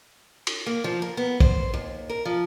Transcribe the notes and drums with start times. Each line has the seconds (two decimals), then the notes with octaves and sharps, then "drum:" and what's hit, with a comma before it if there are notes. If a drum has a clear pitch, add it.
0.47 drum: cymbal
0.66 A#3
0.84 F3
1.02 A#4
1.17 B3
1.40 C5, drum: kick
1.74 D#2
2.10 A#4
2.25 F3